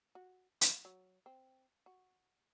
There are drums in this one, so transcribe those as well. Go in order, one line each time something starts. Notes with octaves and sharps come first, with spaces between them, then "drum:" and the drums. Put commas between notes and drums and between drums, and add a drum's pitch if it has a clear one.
F#4
F5, drum: hi-hat
F#3
C4
F#4